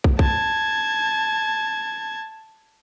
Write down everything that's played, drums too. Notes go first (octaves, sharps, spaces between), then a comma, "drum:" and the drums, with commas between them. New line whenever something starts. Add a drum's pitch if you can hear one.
drum: kick
A5 G#6, drum: kick